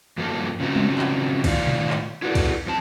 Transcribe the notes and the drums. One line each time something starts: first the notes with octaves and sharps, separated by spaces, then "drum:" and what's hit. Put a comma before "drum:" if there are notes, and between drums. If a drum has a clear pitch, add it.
G2 F3 F#3 A#3 A4
C#3 F3 F#3 C4 D#4
drum: tom G3
drum: clap
A2 D#3 D#4 F4 D5 F5, drum: kick, cymbal
drum: tom B2
drum: clap
E4 F#4 G#4 A4 B4 D5
drum: kick, cymbal
F2 C4 A5